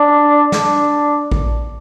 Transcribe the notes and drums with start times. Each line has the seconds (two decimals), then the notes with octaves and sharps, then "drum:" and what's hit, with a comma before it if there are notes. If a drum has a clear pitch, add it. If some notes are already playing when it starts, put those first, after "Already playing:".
Already playing: D4
0.52 D4, drum: snare
1.32 drum: kick A1